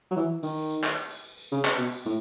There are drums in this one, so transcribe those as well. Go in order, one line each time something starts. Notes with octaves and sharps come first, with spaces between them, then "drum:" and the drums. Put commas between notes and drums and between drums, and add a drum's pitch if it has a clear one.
F#3
E3
D#3, drum: tambourine
drum: tambourine
drum: tambourine
drum: clap
drum: tambourine
drum: tambourine
drum: tambourine
drum: tambourine
C#3, drum: tambourine
drum: clap
B2, drum: tambourine
drum: tambourine
A2, drum: tambourine